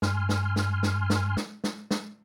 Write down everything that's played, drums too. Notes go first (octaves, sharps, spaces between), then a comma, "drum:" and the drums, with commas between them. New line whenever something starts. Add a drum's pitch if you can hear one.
G2 G#5 C6 F6, drum: snare
drum: snare
drum: snare
drum: snare
drum: snare
drum: snare
drum: snare
drum: snare